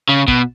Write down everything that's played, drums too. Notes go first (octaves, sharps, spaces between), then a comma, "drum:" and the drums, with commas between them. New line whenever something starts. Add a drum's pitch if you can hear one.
C#3
B2, drum: kick